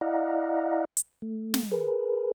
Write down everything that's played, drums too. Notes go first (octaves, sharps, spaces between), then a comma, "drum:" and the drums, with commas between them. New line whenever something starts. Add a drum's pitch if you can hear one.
E4 D5 D#5 F5 F#5 A#5
drum: hi-hat
A3
drum: snare
G#4 A#4 B4